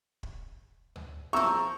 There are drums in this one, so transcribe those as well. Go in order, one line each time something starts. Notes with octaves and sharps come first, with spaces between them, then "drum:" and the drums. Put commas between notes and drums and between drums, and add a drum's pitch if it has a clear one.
drum: kick
drum: tom D2
F3 A#5 C#6 E6